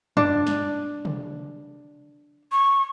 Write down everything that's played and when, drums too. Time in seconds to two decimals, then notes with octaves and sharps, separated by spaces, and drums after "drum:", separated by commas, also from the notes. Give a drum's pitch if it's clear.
0.17 D4, drum: tom
0.47 drum: snare
1.05 drum: tom
2.52 C#6